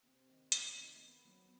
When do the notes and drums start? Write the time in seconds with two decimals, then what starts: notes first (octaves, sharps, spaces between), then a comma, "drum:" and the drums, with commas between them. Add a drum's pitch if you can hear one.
0.03 C3 C4
0.28 D#3 G3 D#4
0.52 C3 B3, drum: hi-hat
0.76 D#3 G3 C4 D#4
0.92 A3
1.00 D#3 B3
1.25 F#3 C4